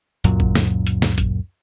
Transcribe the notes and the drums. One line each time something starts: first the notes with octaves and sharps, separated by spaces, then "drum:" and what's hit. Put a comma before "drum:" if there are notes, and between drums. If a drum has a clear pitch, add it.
C#2 F#2 A#2 F#3, drum: hi-hat
drum: kick G#1
drum: snare
drum: hi-hat
drum: snare
drum: kick G#1, hi-hat